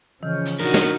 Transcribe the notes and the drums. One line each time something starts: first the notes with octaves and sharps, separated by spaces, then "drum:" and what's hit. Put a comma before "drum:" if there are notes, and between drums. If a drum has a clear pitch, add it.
C#3 E3 F3 C#4 F6 G6
drum: hi-hat
D4 D#4 F#4 A#4 F6
drum: snare